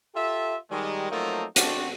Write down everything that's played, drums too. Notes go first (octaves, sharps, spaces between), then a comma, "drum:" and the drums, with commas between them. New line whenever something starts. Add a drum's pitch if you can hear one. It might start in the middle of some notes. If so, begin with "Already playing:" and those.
F4 G4 A4 E5
D#3 G3 G#3
F3 F#3 A3 A#3 C4 D#4
A3 C4 D4 F#4, drum: hi-hat